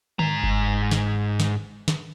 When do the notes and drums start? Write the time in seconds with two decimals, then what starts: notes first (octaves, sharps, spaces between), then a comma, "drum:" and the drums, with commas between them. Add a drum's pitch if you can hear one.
0.19 G#2 A#5, drum: tom D3
0.43 drum: kick G1
0.91 drum: snare
1.40 drum: snare
1.88 drum: snare